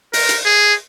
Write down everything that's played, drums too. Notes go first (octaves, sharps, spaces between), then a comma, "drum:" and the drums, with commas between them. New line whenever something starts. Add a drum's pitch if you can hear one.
A#4, drum: open hi-hat
drum: hi-hat
G#4